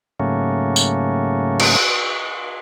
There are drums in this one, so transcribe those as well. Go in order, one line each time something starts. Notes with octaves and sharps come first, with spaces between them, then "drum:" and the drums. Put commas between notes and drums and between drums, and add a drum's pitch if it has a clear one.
G#2 C#3 F#3 A3 A#3 C#4
drum: tambourine
drum: cymbal